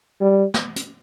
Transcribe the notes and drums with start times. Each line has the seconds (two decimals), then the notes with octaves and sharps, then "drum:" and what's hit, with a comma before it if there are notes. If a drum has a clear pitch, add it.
0.21 G3
0.54 drum: snare
0.76 drum: hi-hat